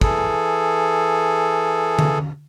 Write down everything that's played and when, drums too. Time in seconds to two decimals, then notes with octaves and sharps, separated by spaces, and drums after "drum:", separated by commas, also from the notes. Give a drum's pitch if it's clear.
0.01 E3 G#4 A4, drum: kick
1.99 drum: tom D3